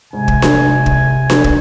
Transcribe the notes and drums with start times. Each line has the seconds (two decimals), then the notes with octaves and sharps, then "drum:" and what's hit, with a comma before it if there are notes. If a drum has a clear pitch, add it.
0.13 G#2 C3 G#5
0.28 drum: kick
0.42 drum: snare D4
0.86 drum: kick
1.30 drum: snare D4
1.44 drum: kick